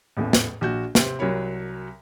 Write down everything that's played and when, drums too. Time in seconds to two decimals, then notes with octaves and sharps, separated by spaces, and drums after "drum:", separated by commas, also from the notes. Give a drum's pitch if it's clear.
0.17 A1 E2 A2
0.33 drum: snare
0.61 A#1 F#4 G6
0.95 C3 C4, drum: snare
1.19 C2 F#3 A#4 C#5 B5